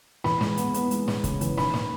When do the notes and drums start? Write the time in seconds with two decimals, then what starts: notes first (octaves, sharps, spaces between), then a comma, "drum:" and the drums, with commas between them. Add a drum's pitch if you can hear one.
0.24 E2 B5, drum: snare
0.41 G#3, drum: snare
0.57 B3, drum: hi-hat
0.74 B3, drum: hi-hat
0.91 G#3, drum: hi-hat
1.08 G#3, drum: snare
1.24 C#3, drum: kick, hi-hat
1.41 E2, drum: hi-hat
1.58 D#3 B5, drum: snare
1.74 A#3, drum: snare